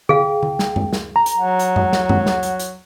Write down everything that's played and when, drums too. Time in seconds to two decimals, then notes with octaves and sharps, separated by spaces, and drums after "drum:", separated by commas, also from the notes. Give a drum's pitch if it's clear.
0.09 G#4 F5 G5, drum: tom D3
0.43 drum: tom D3
0.59 drum: snare
0.76 drum: tom F#2
0.93 drum: snare
1.16 A#5
1.26 drum: hi-hat
1.38 F#3 F#5
1.59 drum: hi-hat
1.76 drum: tom F#2
1.93 drum: snare
2.09 drum: tom F#2
2.26 drum: snare
2.43 drum: hi-hat
2.59 drum: hi-hat